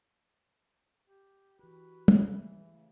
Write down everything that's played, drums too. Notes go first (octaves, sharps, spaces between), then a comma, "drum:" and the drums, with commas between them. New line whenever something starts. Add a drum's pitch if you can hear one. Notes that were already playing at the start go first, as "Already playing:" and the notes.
G4
E3 F#4 G4 B4
drum: tom
E3 G#4
C#3 A3